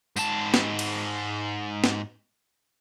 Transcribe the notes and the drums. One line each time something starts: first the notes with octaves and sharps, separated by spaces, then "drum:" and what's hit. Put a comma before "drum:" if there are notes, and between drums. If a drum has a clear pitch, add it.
G#2 A5, drum: tambourine
drum: snare
drum: cymbal
drum: snare